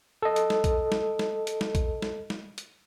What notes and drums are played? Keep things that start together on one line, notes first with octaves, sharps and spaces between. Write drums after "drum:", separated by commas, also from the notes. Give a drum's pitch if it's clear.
A4 D#5
drum: hi-hat
drum: snare
drum: kick, hi-hat
drum: snare
drum: snare
drum: hi-hat
drum: snare
drum: kick, hi-hat
drum: snare
drum: snare
drum: hi-hat